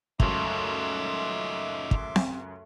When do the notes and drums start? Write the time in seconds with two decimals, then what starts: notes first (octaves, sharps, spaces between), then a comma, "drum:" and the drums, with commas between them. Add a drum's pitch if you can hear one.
0.20 C#2 F#2 A3 D#4 F4 E5 C6 D6, drum: kick
1.91 drum: kick
2.16 drum: snare C4